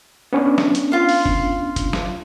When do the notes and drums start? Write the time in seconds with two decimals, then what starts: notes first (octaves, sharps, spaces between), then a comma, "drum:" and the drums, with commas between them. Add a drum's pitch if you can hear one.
0.33 B3 C#4 D4
0.58 drum: snare
0.75 drum: hi-hat
0.92 F4 F5
1.09 drum: open hi-hat
1.26 drum: kick F#1
1.76 drum: kick F#1, hi-hat
1.93 drum: snare